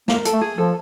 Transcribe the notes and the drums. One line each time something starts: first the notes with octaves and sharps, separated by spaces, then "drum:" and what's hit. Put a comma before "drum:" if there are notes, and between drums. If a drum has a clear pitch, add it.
A#3 A#4, drum: snare
A4, drum: hi-hat
A3
G#4
F3 A4